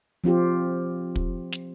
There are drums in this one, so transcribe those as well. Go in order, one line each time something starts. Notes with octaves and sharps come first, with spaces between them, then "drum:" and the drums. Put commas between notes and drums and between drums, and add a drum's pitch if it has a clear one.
F3 C4 F4 G4
drum: kick
drum: snare